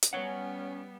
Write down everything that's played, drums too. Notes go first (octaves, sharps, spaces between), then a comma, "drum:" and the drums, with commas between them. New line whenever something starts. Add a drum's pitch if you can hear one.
drum: hi-hat
G3 B3 C#4 C#5 F#5